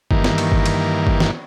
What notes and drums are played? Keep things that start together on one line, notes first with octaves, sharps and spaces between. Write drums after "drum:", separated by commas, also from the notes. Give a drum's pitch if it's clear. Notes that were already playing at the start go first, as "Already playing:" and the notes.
G2 D#3 E3 A#3, drum: kick G1
drum: snare
drum: cymbal
drum: kick G1
drum: cymbal
drum: kick G1
drum: snare